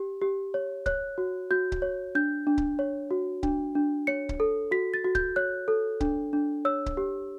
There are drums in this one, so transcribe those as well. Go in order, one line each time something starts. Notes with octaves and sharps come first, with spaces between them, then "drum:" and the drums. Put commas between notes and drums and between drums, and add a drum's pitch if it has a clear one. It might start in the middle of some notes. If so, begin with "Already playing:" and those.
Already playing: G4
G4
C#5
C#5 F#6, drum: kick C#1
F#4
F#4 G6
drum: kick C#1
C#5
D4 G6
D4
drum: kick C#1
C#5
F#4
D4, drum: kick C#1
D4
C#5 C#7
drum: kick C#1
A4
F#4 B6
A6
F#4
G6, drum: kick C#1
C#5 F#6
A4
D4, drum: kick C#1
D4
C#5 E6
drum: kick C#1
G4